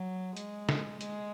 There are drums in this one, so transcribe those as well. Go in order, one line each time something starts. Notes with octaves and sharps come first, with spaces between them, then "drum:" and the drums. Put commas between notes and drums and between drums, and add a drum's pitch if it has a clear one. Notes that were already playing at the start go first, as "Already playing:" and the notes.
Already playing: F#3
G#3, drum: hi-hat
drum: snare
G#3, drum: hi-hat